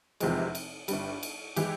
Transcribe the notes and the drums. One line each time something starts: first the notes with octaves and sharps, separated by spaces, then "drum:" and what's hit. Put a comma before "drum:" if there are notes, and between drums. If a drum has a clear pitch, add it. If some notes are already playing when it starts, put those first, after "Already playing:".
F1 E2 C3 F3 G#3, drum: cymbal
drum: cymbal
G1 G2 G3, drum: cymbal
drum: cymbal
E3 G#3 E4 G4, drum: cymbal